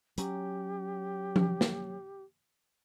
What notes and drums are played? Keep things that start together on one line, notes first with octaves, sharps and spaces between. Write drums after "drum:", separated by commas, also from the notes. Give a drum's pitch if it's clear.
F#3 C#4 G4, drum: hi-hat
drum: tom F3
drum: snare